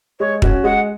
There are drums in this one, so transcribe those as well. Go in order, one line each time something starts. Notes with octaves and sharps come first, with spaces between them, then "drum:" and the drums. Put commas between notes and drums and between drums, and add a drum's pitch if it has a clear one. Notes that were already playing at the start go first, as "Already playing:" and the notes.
G#3 C#5
C#4 F#4, drum: kick
G#3 F#5